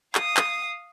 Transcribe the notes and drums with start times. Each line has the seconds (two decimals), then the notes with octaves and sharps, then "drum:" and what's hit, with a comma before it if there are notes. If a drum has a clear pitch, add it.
0.15 F5 D#6, drum: clap
0.37 drum: clap